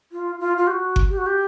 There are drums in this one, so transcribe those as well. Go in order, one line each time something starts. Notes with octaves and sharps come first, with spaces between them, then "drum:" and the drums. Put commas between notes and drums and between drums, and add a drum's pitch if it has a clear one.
F4
F4
F4
G4
F#4
drum: kick G1
G4
F#4
G4